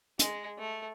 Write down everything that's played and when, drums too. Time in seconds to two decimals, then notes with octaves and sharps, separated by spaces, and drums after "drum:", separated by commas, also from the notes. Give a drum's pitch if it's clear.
0.19 G#3, drum: hi-hat
0.58 A3